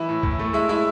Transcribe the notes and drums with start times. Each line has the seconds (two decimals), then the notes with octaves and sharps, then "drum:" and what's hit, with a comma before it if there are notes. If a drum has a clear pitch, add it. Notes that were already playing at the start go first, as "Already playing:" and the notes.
Already playing: E3 E4 E5
0.09 A2
0.23 A2, drum: kick
0.39 A3
0.53 G#3 E4 E5
0.69 G#3 E4 E5